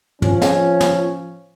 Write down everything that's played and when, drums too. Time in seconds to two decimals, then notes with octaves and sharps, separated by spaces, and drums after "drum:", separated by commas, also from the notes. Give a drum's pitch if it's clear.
0.22 F3 C#4, drum: tom
0.42 drum: snare
0.80 drum: snare